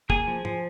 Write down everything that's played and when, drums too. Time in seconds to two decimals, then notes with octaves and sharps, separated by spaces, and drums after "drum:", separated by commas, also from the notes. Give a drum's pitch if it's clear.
0.10 A#3 G#4 G#5, drum: kick
0.27 F3
0.45 F3, drum: tom